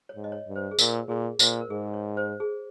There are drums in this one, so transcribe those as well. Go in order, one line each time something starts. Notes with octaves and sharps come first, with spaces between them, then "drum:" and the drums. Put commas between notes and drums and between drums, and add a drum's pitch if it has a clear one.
C#5
G#2
D#5
C#5
G2
C5
G#4
A#2 A#4, drum: tambourine
A#2 G#4
A#2 C5, drum: tambourine
A#4
G#2 G#4
C#5
C5
G#4